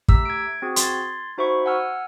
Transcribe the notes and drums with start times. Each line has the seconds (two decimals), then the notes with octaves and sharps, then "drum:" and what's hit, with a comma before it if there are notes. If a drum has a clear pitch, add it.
0.08 A3 G4 A#5 E6 B6, drum: kick
0.25 G#6 D7
0.62 C4 F#4 G#4
0.76 C6 G#6 A6, drum: hi-hat
1.38 D#4 F#4 C5 E5 B5 C#6
1.66 F#5 G#5 E6 F6